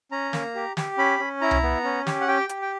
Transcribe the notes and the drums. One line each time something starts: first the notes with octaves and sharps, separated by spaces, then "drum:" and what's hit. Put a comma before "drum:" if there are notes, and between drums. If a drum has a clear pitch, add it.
C#4 A#5
A#3, drum: snare
G4
G4, drum: snare
C#4 B5
C#4
E4 A#5
drum: tom C2
B3
C#4
G4, drum: snare
F#5
G4 G5
G4, drum: hi-hat
G5